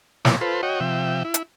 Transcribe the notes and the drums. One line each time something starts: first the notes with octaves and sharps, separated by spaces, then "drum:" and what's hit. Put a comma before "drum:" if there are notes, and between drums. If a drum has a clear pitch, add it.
B2 F3 A#3 E4 C#5 D6, drum: snare
F4 A4 B4 C5
F#4 C#5 D#5 G5
C3 F3 E5 G5
E4
drum: hi-hat